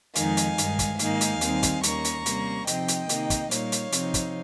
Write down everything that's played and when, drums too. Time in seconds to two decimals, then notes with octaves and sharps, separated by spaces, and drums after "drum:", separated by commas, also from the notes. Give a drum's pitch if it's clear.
0.15 F2 D#3 G#3 D#4 F5 G#5, drum: hi-hat
0.37 drum: hi-hat
0.58 G2 D#3 G#3, drum: hi-hat
0.79 drum: kick, hi-hat
0.99 G#2 D#3 A#3 D#4 F5 G#5, drum: hi-hat
1.21 drum: hi-hat
1.41 D#2 D#3 G3 C4 D#4, drum: hi-hat
1.63 drum: kick, hi-hat
1.83 D#2 D#3 A#3 C#4 A#5 C#6, drum: hi-hat
2.04 drum: hi-hat
2.26 C3 G3 A#3 C#4, drum: hi-hat
2.67 C3 F3 C4 D#4 D#5 G5, drum: hi-hat
2.88 drum: hi-hat
3.09 C3 D#3 A#3 D#4, drum: hi-hat
3.30 drum: kick, hi-hat
3.51 A#2 G3 A#3 D#4 C#5 F5, drum: hi-hat
3.72 drum: hi-hat
3.92 C3 F3 C4 D#4, drum: hi-hat
4.14 drum: kick, hi-hat